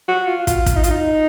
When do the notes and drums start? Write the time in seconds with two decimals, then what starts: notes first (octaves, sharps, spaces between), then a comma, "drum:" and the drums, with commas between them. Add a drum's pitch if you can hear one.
0.08 F#4
0.27 F4
0.47 F4, drum: kick, hi-hat
0.66 drum: kick, hi-hat
0.76 D#4
0.84 F4, drum: hi-hat
0.91 D#4